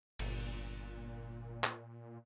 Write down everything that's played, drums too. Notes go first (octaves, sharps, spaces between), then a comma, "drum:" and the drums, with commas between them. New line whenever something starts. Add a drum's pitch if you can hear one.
G1 A#2, drum: cymbal
drum: clap